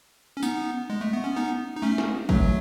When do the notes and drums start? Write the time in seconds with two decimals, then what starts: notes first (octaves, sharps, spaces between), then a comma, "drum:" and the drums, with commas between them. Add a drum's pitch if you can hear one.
0.37 C#4
0.43 B3 D#4, drum: tambourine
0.90 G#3
1.01 A3
1.13 B3
1.24 C#4
1.36 B3 D#4
1.76 D#4
1.82 A3 C#4
1.98 drum: snare
2.29 F#3 A3, drum: kick G#1